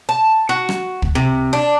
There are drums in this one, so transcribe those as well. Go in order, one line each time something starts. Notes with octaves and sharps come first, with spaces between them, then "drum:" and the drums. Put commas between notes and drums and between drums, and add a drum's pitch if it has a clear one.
A5
F#4
drum: rim click
drum: kick
C3
D4